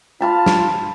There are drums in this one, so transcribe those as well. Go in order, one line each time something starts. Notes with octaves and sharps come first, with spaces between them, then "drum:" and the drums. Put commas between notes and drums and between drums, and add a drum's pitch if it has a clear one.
F4 F5 A5 B5
drum: snare